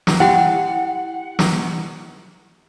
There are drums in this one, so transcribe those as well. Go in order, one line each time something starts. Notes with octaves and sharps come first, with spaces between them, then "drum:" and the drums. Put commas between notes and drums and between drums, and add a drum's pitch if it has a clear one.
drum: snare
E4 G4 F#5 G5
drum: snare